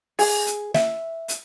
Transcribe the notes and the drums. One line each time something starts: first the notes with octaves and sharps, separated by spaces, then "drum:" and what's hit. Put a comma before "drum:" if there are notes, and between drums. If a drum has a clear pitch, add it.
G#4, drum: open hi-hat
drum: hi-hat
E5, drum: snare
drum: hi-hat